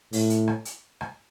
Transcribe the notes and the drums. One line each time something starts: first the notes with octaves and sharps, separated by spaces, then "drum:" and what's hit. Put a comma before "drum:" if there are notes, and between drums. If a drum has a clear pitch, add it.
A2, drum: open hi-hat
drum: hi-hat
drum: rim click
drum: hi-hat
drum: rim click